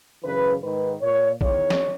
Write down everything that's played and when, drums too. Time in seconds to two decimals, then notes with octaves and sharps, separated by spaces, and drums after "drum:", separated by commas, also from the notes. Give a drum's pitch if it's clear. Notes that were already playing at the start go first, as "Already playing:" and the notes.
0.23 F#2 C#3 E3 B4
0.62 G#2 D#3 B4
1.02 A#2 C#5
1.41 E2 D#3 C#5, drum: kick
1.70 drum: snare